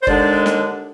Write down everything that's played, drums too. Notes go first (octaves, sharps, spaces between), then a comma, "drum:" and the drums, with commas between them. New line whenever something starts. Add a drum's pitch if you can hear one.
C5
D#2 D3 G#3 D4 D5, drum: kick
drum: snare